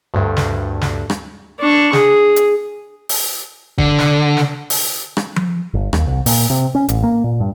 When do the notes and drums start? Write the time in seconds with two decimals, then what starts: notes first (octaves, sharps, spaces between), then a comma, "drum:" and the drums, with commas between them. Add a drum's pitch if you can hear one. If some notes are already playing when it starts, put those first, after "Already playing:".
0.14 D2 G2
0.37 drum: snare
0.81 drum: snare
1.10 drum: rim click
1.59 D4 C#6
1.93 G#4, drum: snare
2.36 drum: hi-hat
3.09 drum: open hi-hat
3.78 D3, drum: kick
3.99 drum: snare
4.37 drum: snare
4.70 drum: open hi-hat
5.17 drum: rim click
5.36 drum: tom F3
5.74 G1
5.93 D#2, drum: rim click
6.07 C2
6.26 A#2, drum: open hi-hat
6.50 C3
6.75 C#4
6.89 A1, drum: hi-hat
7.03 A#3
7.24 A#2
7.40 G2